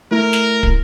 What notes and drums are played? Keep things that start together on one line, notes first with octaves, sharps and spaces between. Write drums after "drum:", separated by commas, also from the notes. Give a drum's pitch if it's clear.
A3 E4 A#4
drum: snare
drum: kick